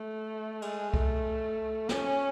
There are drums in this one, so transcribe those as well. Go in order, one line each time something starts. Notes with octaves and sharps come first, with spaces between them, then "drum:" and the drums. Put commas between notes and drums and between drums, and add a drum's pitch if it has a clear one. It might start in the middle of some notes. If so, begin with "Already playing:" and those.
Already playing: A3
G#3, drum: cymbal
A3, drum: kick C2
C#4, drum: snare